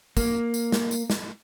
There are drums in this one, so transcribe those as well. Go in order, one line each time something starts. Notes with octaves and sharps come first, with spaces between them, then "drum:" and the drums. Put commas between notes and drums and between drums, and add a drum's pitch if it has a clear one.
A#3, drum: kick, tambourine
drum: tambourine
drum: snare
drum: tambourine
drum: snare